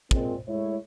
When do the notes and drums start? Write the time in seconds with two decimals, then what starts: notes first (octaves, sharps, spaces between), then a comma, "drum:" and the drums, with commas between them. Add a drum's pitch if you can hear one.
0.11 A#2 G#3 C4, drum: kick
0.48 G#3 A3 E4 C#5